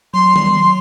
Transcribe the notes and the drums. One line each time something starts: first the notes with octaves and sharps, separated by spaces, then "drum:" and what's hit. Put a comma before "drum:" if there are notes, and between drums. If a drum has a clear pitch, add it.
F#3 C6
G3, drum: tom D#3
F#3